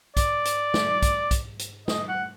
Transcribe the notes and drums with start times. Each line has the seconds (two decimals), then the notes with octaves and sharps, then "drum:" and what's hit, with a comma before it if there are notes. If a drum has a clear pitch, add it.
0.17 D5, drum: kick B1, hi-hat
0.45 drum: hi-hat
0.74 drum: snare
1.02 drum: kick B1, hi-hat
1.31 drum: kick B1, hi-hat
1.59 drum: hi-hat
1.88 D#5, drum: snare
2.09 F#5